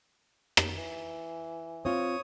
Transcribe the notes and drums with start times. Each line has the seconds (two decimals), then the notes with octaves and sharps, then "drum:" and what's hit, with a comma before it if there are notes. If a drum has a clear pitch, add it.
0.57 drum: rim click
0.77 E3
1.85 C4 F4 C#5 D#6